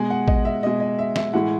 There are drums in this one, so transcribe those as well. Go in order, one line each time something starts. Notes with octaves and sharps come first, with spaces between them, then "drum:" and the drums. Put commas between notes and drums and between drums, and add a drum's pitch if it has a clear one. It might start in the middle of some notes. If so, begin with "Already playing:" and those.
Already playing: B2 G#3 G#5
F#5
D#5, drum: kick A1
E5
B2 G#3 D#5
D#5
E5
E5, drum: snare
A2 E3 G#3 F#5